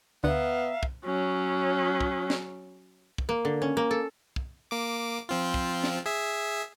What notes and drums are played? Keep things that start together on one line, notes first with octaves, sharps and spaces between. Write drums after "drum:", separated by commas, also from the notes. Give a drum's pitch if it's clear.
D2 D3 B3 E5 F5 A#5
drum: kick
F#3 C#4
drum: kick
drum: snare
drum: kick
A#3
D3
C#4
A#3
A4
drum: kick
A#3 D6
F3 C4 F4
drum: kick
drum: snare
G#4 E5